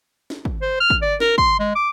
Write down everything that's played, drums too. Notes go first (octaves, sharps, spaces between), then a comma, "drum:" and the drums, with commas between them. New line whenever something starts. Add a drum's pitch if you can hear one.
drum: snare
drum: kick
C5
F6
drum: kick
D5
A#4, drum: snare
C6, drum: kick
G#3
D6